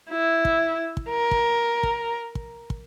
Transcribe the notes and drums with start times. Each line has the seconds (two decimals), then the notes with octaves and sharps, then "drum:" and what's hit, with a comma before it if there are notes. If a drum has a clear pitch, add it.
0.10 E4
0.45 drum: kick
0.97 drum: kick
1.09 A#4
1.31 drum: kick
1.83 drum: kick
2.35 drum: kick
2.70 drum: kick